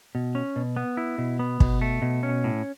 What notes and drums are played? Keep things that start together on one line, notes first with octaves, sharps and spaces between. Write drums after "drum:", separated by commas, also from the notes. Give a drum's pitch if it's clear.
B2
C#4
B2
B3
E4
B2
B3
B2, drum: kick
A3
B2
C#4
A2